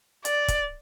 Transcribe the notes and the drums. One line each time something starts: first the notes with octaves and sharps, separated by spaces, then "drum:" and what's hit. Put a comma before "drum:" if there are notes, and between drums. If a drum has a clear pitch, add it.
D5, drum: hi-hat
drum: kick, hi-hat